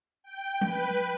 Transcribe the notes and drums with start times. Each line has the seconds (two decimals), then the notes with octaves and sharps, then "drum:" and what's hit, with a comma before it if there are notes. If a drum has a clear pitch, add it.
0.24 G5
0.61 B4, drum: tom F3